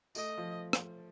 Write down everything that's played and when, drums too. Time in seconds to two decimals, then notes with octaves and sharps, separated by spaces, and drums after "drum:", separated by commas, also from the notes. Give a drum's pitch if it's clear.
0.15 A3 D#5, drum: tambourine
0.37 F3
0.73 drum: rim click